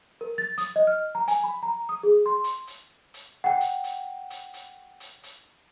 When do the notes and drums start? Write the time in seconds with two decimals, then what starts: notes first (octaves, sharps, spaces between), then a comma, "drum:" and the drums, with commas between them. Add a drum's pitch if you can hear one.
0.21 A#4
0.38 A6
0.58 D#6, drum: hi-hat
0.76 D#5
0.87 F6
1.15 A#5
1.28 G#5, drum: hi-hat
1.44 B5
1.63 A#5
1.89 D#6
2.03 G#4
2.26 C6
2.44 drum: hi-hat
2.67 drum: hi-hat
3.14 drum: hi-hat
3.44 F#5 G5
3.60 drum: hi-hat
3.84 drum: hi-hat
4.30 drum: hi-hat
4.54 drum: hi-hat
5.00 drum: hi-hat
5.23 drum: hi-hat